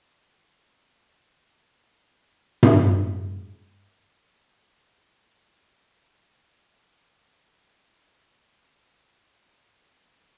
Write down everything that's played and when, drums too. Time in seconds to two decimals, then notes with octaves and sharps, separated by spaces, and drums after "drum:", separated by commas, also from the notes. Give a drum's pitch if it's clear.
0.22 B4 C5 F5 G5 A5
1.41 F5 A#5
2.63 drum: tom G2
5.35 F4
5.62 A#4
5.86 G4
6.49 F1 E3 G#4
7.92 G#5
8.07 A4
8.28 C6
8.44 C#5
8.82 B5
8.99 C5
9.14 B4
9.43 F#4
9.55 D5
9.75 A#4
9.98 E4
10.13 F#4